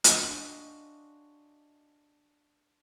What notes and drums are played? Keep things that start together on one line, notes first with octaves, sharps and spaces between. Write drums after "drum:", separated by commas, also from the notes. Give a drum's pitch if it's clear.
D4 F4 F#4 G#4 C#5 D#5, drum: hi-hat